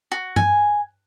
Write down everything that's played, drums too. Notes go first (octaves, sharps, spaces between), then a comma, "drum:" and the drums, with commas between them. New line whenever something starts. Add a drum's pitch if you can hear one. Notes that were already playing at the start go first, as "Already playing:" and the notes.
F#4
G#5, drum: tom G2